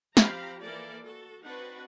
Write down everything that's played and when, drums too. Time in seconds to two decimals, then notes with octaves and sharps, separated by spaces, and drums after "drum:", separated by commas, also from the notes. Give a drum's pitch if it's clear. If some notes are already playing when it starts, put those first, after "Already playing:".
0.17 F3 C4 G4 F5 A#5 B5, drum: snare
0.63 E3 A#3 E4 A4 A#4 D5
1.02 F#4 A4
1.43 C4 D4 D#4 F#4 B4 F#5